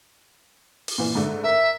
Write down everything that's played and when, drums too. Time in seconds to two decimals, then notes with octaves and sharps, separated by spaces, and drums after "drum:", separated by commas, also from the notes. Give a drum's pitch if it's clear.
0.88 drum: open hi-hat
0.98 A#2 E3
1.15 G#2 D3 A3
1.44 A#4 E5